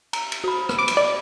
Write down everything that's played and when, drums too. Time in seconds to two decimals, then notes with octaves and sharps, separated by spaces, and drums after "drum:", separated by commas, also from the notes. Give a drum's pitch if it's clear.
0.13 A#5, drum: cymbal
0.32 drum: cymbal
0.44 F#4 B5
0.69 drum: rim click
0.79 D6
0.88 drum: cymbal
0.97 D5